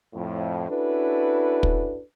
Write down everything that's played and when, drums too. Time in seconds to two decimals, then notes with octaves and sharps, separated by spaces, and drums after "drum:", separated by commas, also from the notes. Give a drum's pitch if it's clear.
0.15 F2 A2
0.70 C#4 D4 E4 F#4 A4 B4
1.63 drum: kick